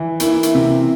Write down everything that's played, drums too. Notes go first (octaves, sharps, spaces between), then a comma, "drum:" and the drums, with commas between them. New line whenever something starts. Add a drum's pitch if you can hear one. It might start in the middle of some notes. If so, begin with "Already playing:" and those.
Already playing: E3
A#3 E4, drum: hi-hat
drum: hi-hat
C3